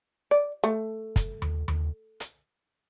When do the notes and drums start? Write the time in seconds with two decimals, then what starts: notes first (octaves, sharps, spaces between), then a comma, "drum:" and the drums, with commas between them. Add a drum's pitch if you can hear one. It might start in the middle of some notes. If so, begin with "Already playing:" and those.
0.31 D5
0.64 A3
1.16 drum: kick, hi-hat
1.42 drum: tom D#2
1.68 drum: tom D#2
2.20 drum: hi-hat